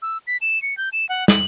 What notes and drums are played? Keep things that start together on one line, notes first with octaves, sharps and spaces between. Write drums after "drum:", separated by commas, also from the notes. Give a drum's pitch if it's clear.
E6
B6
E7
C#7
G6
E7
F#5
F#7, drum: snare